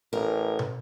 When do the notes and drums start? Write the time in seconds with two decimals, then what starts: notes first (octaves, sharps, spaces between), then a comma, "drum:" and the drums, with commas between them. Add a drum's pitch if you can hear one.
0.13 A1 A#4
0.59 drum: tom